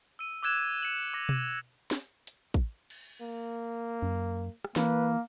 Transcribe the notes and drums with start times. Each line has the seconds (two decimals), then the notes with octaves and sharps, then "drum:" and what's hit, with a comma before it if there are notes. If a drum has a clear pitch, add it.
0.19 E6 D#7
0.43 D6 E6 F#6 G#6 E7
0.83 C#7 F#7
1.14 D6 A#6
1.29 drum: tom B2
1.91 drum: snare
2.27 drum: hi-hat
2.54 drum: kick
2.90 drum: cymbal
3.21 A#3
4.02 F#2
4.64 drum: rim click
4.76 E3 A#3 B4, drum: snare